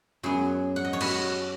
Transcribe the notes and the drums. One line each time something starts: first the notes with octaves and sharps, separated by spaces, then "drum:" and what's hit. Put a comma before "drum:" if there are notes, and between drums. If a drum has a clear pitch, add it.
F#2 F#3 B3 G#4
F#5
D#5
C#5
F#4 B4, drum: cymbal